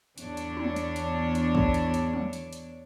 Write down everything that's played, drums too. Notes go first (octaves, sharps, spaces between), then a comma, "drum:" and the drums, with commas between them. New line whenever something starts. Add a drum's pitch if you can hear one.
E2 D4 C#5, drum: hi-hat
drum: hi-hat
drum: tom
drum: hi-hat
drum: hi-hat
drum: hi-hat
drum: kick
drum: hi-hat
drum: hi-hat
drum: tom
drum: hi-hat
drum: hi-hat